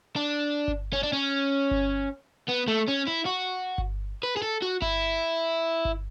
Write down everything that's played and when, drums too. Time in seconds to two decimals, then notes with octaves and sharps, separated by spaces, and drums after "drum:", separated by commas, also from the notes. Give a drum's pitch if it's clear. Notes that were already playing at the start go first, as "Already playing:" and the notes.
0.16 D4
0.68 drum: kick G1
0.93 C#4
1.03 D4
1.13 C#4
1.71 drum: kick G1
2.49 B3
2.68 A3
2.88 C#4
3.07 E4
3.26 F#4
3.78 drum: kick G1
4.23 B4
4.36 G#4
4.42 A4
4.62 F#4
4.82 E4, drum: kick G1
5.85 drum: kick G1